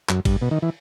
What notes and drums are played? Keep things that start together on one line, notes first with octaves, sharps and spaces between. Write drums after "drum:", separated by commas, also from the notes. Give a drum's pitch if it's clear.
F#2, drum: clap
G2, drum: kick G#1, cymbal
B2
D#3
E3